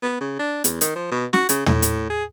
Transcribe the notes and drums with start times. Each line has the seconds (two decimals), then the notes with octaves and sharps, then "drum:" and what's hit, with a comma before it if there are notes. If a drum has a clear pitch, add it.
0.03 B3
0.21 C#3
0.39 D4
0.64 E2, drum: hi-hat
0.81 D#3, drum: hi-hat
0.95 F3
1.11 B2
1.33 F#4, drum: snare
1.49 C#3, drum: hi-hat
1.66 A2, drum: tom
1.82 drum: hi-hat
2.10 G#4